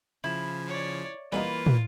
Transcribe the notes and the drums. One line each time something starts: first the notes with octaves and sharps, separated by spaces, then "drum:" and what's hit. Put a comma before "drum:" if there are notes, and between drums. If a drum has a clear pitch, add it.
C#3 F3 E4
C#5 D5
E3 G3 A#3 B3 D#4 F4 B4
drum: tom